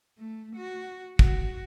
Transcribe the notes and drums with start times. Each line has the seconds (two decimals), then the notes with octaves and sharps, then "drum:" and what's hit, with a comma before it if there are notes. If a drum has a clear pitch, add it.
0.18 A3
0.56 F#4
1.19 F#4, drum: kick